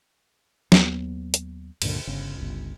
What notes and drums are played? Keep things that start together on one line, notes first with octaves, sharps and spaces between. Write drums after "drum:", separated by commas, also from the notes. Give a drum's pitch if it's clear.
D#2 F#3 B3, drum: snare
drum: hi-hat
C#2 G2 A#2 D3, drum: cymbal
G1 C#3
G1 C#2